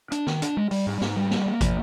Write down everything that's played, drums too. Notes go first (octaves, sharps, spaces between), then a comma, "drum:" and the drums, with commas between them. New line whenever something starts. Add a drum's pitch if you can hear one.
D4, drum: hi-hat
D#3, drum: snare
D4, drum: hi-hat
G#3
G3, drum: open hi-hat
G#2
G#2, drum: snare
G3
A#3, drum: snare
A#3
F3, drum: kick, hi-hat